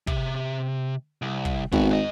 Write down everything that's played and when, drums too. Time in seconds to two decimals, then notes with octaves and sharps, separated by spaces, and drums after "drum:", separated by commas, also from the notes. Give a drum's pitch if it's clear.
0.07 C3, drum: kick
1.22 C2
1.45 drum: kick
1.72 G#1 B3 F#4, drum: kick
1.90 G#2 D#5